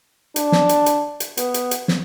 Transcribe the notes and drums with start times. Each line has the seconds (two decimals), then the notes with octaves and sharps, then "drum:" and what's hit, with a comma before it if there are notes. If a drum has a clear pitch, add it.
0.36 D4, drum: hi-hat
0.52 drum: snare
0.69 drum: hi-hat
0.86 drum: hi-hat
1.20 drum: hi-hat
1.37 B3, drum: hi-hat
1.54 drum: hi-hat
1.71 drum: hi-hat
1.88 drum: snare